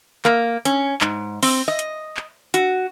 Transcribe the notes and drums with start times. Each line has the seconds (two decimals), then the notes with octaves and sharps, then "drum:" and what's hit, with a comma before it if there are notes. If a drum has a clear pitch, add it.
0.25 A#3, drum: clap
0.65 C#4, drum: hi-hat
1.01 G#2, drum: clap
1.43 C4, drum: open hi-hat
1.68 D#5
1.79 drum: hi-hat
2.17 drum: clap
2.54 F#4, drum: hi-hat